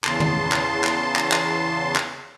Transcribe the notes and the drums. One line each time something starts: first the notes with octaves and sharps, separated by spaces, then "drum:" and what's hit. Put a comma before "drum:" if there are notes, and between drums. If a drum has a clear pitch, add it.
E2 C#3 A5 C6, drum: clap
drum: tom
drum: clap
drum: clap
drum: clap
drum: clap
drum: clap